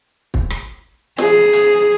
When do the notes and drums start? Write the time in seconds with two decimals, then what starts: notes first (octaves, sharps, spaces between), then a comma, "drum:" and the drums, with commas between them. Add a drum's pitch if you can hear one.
0.34 drum: kick
0.50 drum: rim click
1.18 G#4, drum: snare
1.53 drum: hi-hat